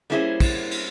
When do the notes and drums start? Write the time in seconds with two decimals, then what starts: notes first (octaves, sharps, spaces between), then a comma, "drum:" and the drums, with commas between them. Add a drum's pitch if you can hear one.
0.10 G3 A#3 C#4 E4 G#4 C5
0.40 drum: kick, cymbal
0.71 drum: cymbal